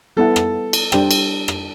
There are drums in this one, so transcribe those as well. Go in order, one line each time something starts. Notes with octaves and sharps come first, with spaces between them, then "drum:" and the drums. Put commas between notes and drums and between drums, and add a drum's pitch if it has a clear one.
G3 B3 E4 A4 B4 F#5
drum: rim click
drum: cymbal
G3 D4 G4 C5 G5, drum: rim click
drum: cymbal
drum: rim click